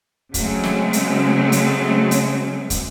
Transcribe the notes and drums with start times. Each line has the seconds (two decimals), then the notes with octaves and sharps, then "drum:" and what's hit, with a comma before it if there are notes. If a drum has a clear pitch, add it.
0.34 C#3 F#3 G#3 A3 C4 C#4, drum: kick, hi-hat
0.64 drum: snare
0.93 drum: hi-hat
1.52 drum: hi-hat
2.11 drum: hi-hat
2.70 drum: kick, hi-hat